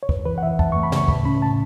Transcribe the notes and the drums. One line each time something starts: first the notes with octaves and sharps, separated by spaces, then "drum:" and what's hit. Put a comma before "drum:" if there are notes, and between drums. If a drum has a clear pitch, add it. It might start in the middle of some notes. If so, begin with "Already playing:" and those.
C#5
F#2 B4, drum: kick
E3 B4
F#5
E3 E5
F#2 A5, drum: kick
A3 C#6
B5
C#3 C#6, drum: snare
A2 B5, drum: kick
C#4 B5
A2 A5